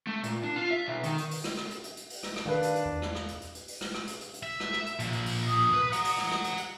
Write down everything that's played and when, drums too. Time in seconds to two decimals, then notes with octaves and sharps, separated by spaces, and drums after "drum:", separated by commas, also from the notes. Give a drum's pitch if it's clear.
0.07 A3
0.23 A#2, drum: hi-hat
0.44 D4
0.56 F4
0.71 E5
0.86 B1
1.03 D#3, drum: hi-hat
1.18 drum: hi-hat
1.31 drum: open hi-hat
1.44 drum: rim click
1.57 drum: rim click
1.70 drum: hi-hat
1.84 drum: hi-hat
1.97 drum: hi-hat
2.10 drum: open hi-hat
2.23 drum: rim click
2.36 drum: rim click
2.46 D#3 D4 B4 F5
2.63 drum: hi-hat
2.76 drum: hi-hat
2.86 E2
3.02 drum: rim click
3.15 drum: rim click
3.28 drum: hi-hat
3.42 drum: hi-hat
3.55 drum: hi-hat
3.68 drum: open hi-hat
3.81 drum: rim click
3.94 drum: rim click
4.07 drum: hi-hat
4.21 drum: hi-hat
4.34 drum: hi-hat
4.43 E5
4.60 drum: rim click
4.73 drum: rim click
4.86 drum: hi-hat
5.00 A#2 F3, drum: hi-hat
5.13 drum: hi-hat
5.26 drum: open hi-hat
5.47 D#6
5.73 B4
5.93 F#5 A#5, drum: hi-hat
6.05 drum: open hi-hat
6.18 drum: rim click
6.31 drum: rim click
6.44 drum: hi-hat
6.57 drum: hi-hat